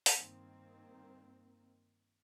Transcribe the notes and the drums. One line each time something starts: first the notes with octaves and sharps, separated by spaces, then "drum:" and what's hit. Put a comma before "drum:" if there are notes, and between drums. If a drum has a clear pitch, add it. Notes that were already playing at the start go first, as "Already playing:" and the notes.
drum: open hi-hat
G2 D#3 A#3 C4